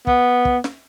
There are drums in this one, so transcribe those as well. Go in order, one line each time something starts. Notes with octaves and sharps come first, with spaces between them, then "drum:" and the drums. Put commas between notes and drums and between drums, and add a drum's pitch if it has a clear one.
B3, drum: kick
drum: kick
drum: snare